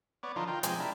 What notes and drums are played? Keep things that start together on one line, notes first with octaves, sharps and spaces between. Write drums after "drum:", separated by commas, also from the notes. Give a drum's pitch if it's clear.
B3 C#5 D5
D3 F3 D#4 F4 A#4
F4 A#4 G5
C3 F3 G#3 G5 G#5, drum: hi-hat
D4 E4 G4 A#4